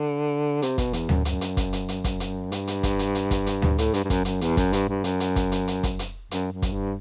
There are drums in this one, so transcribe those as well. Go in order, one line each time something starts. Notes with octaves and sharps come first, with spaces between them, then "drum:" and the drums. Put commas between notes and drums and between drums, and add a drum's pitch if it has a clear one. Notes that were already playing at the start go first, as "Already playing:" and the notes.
Already playing: D3
C3, drum: hi-hat
B2, drum: kick, hi-hat
E2, drum: hi-hat
F#2, drum: tom D2
F#2, drum: hi-hat
drum: hi-hat
drum: kick, hi-hat
drum: hi-hat
drum: hi-hat
drum: kick, hi-hat
drum: hi-hat
G2, drum: hi-hat
drum: hi-hat
drum: kick, hi-hat
drum: hi-hat
drum: hi-hat
drum: kick, hi-hat
drum: hi-hat
drum: tom D2
A2, drum: hi-hat
G2, drum: hi-hat
G2
F#2, drum: kick, hi-hat
F#2, drum: hi-hat
E2, drum: hi-hat
F#2, drum: kick, hi-hat
G2, drum: hi-hat
G2
F#2, drum: hi-hat
drum: hi-hat
drum: kick, hi-hat
drum: hi-hat
drum: hi-hat
drum: kick, hi-hat
drum: hi-hat
F#2, drum: hi-hat
F#2
drum: kick, hi-hat
G2